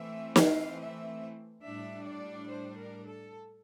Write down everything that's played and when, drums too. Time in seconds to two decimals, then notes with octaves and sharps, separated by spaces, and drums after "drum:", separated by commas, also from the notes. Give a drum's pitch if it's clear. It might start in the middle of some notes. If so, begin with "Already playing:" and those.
Already playing: E3 A3 C4 E5
0.36 F5, drum: snare
0.78 E5
1.64 A2 G3 D4 E5
2.07 D5
2.50 C5
2.78 A#4
3.07 A4